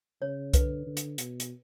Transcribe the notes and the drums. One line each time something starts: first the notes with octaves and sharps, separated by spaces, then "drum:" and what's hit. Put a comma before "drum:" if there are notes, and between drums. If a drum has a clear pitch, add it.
C#3 C#5
D3 B4, drum: kick C2, hi-hat
D3
drum: hi-hat
B2, drum: hi-hat
drum: hi-hat